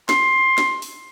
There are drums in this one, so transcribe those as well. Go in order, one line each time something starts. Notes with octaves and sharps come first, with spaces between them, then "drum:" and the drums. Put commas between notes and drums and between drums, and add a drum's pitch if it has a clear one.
C6, drum: snare
drum: snare
drum: open hi-hat